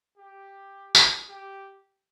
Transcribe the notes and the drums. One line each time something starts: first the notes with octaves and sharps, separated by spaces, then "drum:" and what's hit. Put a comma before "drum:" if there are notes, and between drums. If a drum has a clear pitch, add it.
G4
drum: tambourine
G4